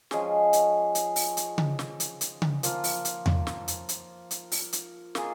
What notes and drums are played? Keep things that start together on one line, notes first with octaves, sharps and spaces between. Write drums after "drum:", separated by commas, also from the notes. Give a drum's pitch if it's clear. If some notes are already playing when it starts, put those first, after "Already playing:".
F3 G#3 C#4 G#4, drum: snare
drum: hi-hat
drum: hi-hat
drum: open hi-hat
drum: hi-hat
drum: tom C#3
drum: snare
drum: hi-hat
drum: hi-hat
drum: tom C#3
F3 A#3 F4, drum: hi-hat
drum: open hi-hat
drum: hi-hat
drum: tom E2
drum: snare
drum: hi-hat
drum: hi-hat
drum: hi-hat
drum: open hi-hat
drum: hi-hat
A#3 F4 G#4, drum: snare